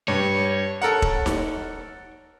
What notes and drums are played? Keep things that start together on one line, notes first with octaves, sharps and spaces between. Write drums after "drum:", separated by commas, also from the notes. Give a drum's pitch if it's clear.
G2 C#5
A4 A#4 F#5
drum: kick E1
drum: snare D#4